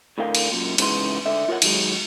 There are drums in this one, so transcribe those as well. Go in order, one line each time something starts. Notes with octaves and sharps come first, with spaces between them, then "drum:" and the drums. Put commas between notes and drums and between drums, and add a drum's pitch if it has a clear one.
A2 D3 A#4 F5 G5
drum: cymbal
F#2 A#2
G#2 C#3 E3 A#4 C6, drum: cymbal
D3 E5
F4 A#4 C#5 F#5
D#3 F#3 G#3, drum: cymbal